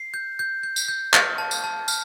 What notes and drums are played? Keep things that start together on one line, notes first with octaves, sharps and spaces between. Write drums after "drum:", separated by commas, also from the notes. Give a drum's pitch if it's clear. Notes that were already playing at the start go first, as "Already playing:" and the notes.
Already playing: C7
G6
G6
G6
drum: tambourine
G6
F6, drum: clap
A5
drum: tambourine
A5
F6, drum: tambourine